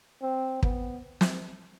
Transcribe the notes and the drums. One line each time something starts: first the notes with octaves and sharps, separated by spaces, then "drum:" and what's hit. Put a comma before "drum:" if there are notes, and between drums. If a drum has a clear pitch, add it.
C4
B3, drum: kick
drum: snare